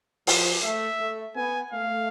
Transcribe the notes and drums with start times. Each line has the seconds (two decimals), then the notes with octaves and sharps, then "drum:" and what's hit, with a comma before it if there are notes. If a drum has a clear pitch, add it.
0.27 F3, drum: open hi-hat
0.63 A3 E5
1.00 A3
1.36 B3 G#5
1.72 A3 F5